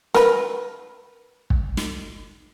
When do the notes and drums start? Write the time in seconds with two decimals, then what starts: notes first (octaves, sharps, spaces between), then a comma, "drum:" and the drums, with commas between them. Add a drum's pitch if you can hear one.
0.14 A#4 B4, drum: snare
1.50 drum: kick
1.77 drum: snare